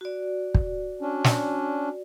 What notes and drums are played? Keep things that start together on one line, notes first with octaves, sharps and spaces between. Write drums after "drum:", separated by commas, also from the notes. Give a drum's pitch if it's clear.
F#4 D5
drum: kick
C#4 D4
drum: snare